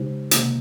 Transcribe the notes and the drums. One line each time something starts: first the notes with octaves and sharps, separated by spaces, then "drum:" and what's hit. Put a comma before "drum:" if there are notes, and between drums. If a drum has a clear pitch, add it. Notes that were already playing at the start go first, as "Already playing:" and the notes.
Already playing: C#3 G#3 D#4 G4 C5
C3 D#3 A#3, drum: hi-hat